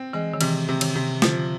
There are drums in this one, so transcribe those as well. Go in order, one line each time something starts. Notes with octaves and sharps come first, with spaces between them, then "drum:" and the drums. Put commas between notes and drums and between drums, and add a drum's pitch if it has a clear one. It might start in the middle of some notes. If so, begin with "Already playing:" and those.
Already playing: C4
E3 G#3
D#3
C3 E3, drum: cymbal
C3
D#3, drum: cymbal
C3
D3 F3, drum: snare